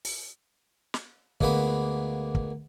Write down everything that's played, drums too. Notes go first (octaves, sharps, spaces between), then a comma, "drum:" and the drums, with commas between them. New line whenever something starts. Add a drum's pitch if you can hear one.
drum: open hi-hat
drum: snare
D2 G#3 A#3 B3 B5, drum: kick
drum: kick